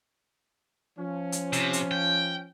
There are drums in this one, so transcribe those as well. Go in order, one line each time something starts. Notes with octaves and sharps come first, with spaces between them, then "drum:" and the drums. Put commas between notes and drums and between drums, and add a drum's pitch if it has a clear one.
F3 C#4
drum: hi-hat
C3, drum: hi-hat
drum: hi-hat
G5